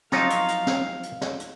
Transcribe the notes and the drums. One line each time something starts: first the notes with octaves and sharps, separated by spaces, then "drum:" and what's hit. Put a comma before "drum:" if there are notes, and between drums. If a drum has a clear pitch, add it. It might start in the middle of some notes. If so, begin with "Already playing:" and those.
F3 F#3 D#4 F5, drum: snare
drum: hi-hat
drum: hi-hat
drum: snare
drum: hi-hat
drum: snare
drum: hi-hat